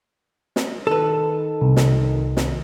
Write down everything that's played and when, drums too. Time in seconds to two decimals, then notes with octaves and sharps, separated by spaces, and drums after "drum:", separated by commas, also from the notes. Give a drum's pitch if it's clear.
0.56 drum: snare
0.87 D#3 A4 B4
1.61 C2
1.76 drum: snare
2.37 drum: snare